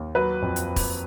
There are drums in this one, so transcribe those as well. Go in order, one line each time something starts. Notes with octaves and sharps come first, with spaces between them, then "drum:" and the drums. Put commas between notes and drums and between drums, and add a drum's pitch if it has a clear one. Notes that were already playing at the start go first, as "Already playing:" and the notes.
Already playing: D#2
F#3 B4
F2
drum: hi-hat
drum: kick E1, open hi-hat